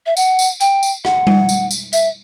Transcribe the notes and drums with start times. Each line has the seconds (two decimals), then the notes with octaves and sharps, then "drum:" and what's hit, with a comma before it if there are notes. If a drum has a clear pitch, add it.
0.06 E5
0.17 F#5, drum: tambourine
0.39 drum: tambourine
0.60 G5, drum: tambourine
0.83 drum: tambourine
1.05 F#5, drum: rim click
1.27 drum: tom G3
1.49 drum: tambourine
1.71 drum: tambourine
1.93 E5, drum: tambourine